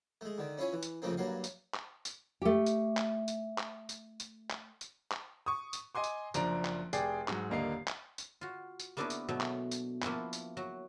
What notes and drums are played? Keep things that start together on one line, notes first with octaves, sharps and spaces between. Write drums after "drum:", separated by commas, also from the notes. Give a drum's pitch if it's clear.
G#3 A3
D3 D#3
C#4 E4 F4 C#5 G#5
E3
drum: tambourine
F2 C#3 F3 A3 A#3 C4
G2 F#3 A#3 F5
drum: tambourine
drum: clap
drum: tambourine
A3 G4
drum: tambourine
drum: clap
drum: tambourine
drum: clap
drum: tambourine
drum: tambourine
drum: clap
drum: tambourine
drum: clap
C#6 D#6
drum: tambourine
D#5 G#5 C6 D6
drum: tambourine
F#1 F3 D4 A#5 D7, drum: tambourine
drum: clap
F1 G#4 D5 G5 C7, drum: tambourine
G#2 F#3, drum: clap
D#1 D3 A#3 D#5 F5 C7
drum: clap
drum: tambourine
F4 F#4
drum: tambourine
A#3 B3 D4 E4 F#4 B4
drum: tambourine
B2 F#3 A3
drum: clap
drum: tambourine
F3 A#3 E4 F#4 B4, drum: clap
drum: tambourine
F#3 F#4